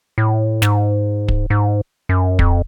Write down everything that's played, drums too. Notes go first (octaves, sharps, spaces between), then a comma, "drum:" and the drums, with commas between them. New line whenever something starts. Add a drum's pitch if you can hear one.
A2
G#2, drum: snare
drum: kick
G#2
F#2
F2, drum: kick